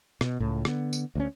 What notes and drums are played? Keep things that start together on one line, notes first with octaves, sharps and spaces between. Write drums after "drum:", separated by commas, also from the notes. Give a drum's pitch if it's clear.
B2, drum: rim click
C#2 A2
D3 B3, drum: rim click
drum: tambourine
D2 F#3 C#4